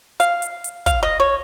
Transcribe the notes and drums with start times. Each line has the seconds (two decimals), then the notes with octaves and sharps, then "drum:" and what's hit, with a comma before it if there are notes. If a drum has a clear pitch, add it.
0.20 F5, drum: hi-hat
0.42 drum: hi-hat
0.64 drum: hi-hat
0.86 F5, drum: kick, hi-hat
1.03 D#5
1.20 C#5